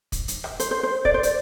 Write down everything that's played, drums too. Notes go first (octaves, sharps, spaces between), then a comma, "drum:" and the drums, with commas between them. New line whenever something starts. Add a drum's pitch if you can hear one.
drum: kick, hi-hat
drum: hi-hat
drum: rim click
C5, drum: hi-hat
C5
C5
D5, drum: kick
C5
D5, drum: hi-hat